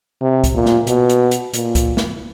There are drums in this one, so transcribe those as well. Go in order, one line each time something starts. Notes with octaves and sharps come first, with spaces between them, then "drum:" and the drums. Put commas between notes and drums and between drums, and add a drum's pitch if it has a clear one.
C3
drum: kick, hi-hat
A#2
drum: snare
B2, drum: hi-hat
drum: hi-hat
drum: hi-hat
A#2, drum: hi-hat
drum: kick, hi-hat
drum: snare